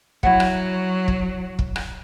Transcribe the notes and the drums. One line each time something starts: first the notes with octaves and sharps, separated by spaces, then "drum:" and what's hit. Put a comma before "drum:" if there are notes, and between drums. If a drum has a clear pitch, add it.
F#3 E4 F#5, drum: kick
drum: rim click
drum: kick
drum: kick
drum: rim click